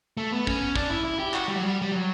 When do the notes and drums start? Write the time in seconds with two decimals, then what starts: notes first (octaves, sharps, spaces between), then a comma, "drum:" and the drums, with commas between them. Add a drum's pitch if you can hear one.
0.17 A3
0.32 B3
0.47 C#4, drum: kick
0.76 D4, drum: kick
0.90 E4
1.04 E4
1.19 G4
1.34 F#4, drum: clap
1.48 G3
1.56 F#3
1.63 G3
1.82 G3
1.92 F#3